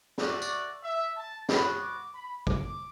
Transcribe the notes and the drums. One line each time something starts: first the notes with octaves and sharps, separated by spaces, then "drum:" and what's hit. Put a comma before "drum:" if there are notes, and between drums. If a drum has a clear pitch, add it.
A3 F#4 D5, drum: snare
drum: tambourine
E5
A5
B3 F#4 B5, drum: snare
D6
B5
D6, drum: kick